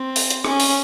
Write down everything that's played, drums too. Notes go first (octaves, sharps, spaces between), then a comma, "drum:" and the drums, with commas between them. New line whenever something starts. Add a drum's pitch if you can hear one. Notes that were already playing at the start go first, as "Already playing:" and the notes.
Already playing: C4
drum: open hi-hat
drum: hi-hat
C#4, drum: rim click
drum: open hi-hat